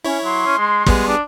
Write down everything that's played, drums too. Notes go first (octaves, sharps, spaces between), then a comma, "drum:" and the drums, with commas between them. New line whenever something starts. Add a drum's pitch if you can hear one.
C#4 E4 C#5
F#3 C6
C#4
G#3
G3 G#3 B3 G#4, drum: kick
D4